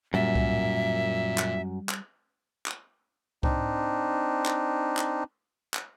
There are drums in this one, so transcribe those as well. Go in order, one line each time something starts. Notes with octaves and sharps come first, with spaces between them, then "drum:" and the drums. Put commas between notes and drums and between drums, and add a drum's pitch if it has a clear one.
F#2 A#2 G3 E5
drum: kick C2
drum: clap
drum: clap
drum: clap
C4 D4 D#4, drum: kick C2
drum: clap
drum: clap
drum: clap